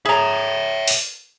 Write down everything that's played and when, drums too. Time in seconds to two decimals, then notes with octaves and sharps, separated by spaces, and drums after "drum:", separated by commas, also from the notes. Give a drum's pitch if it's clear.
0.06 G#4 C#5 E5 A#5
0.88 drum: open hi-hat